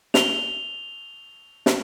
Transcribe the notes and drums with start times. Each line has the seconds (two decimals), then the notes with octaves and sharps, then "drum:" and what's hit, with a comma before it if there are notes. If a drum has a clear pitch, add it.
0.14 F7 G7, drum: snare
1.66 drum: snare